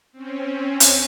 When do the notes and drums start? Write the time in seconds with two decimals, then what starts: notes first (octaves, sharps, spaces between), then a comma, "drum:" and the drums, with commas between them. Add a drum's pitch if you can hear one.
0.12 C4 C#4
0.80 drum: hi-hat